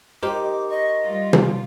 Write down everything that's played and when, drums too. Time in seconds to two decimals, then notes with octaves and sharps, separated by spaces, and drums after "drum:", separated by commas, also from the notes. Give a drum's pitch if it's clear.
0.23 D#4 G4 A#4 C5 D6
0.70 D#5 C#6
1.00 G3 F4
1.33 drum: tom